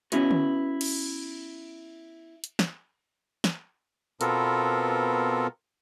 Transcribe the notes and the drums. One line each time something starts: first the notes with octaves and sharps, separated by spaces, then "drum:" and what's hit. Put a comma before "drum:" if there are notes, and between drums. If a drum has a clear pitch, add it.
B3 C#4 E4 F#4 B4, drum: hi-hat
drum: tom D3
drum: cymbal
drum: hi-hat
drum: snare
drum: snare
B2 B3 C4 F4 A4 A#4, drum: hi-hat